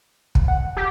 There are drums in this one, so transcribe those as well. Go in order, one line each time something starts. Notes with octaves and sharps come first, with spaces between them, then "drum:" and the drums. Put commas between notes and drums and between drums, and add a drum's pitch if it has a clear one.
drum: kick
F#5
G4